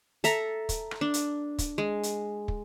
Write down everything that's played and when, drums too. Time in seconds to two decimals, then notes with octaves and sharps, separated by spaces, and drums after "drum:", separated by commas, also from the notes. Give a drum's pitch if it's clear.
0.24 A4 E5 A#5, drum: hi-hat
0.69 drum: kick, hi-hat
0.91 drum: rim click
1.01 D4
1.14 drum: hi-hat
1.58 drum: kick, hi-hat
1.78 G#3
2.03 drum: hi-hat
2.48 drum: kick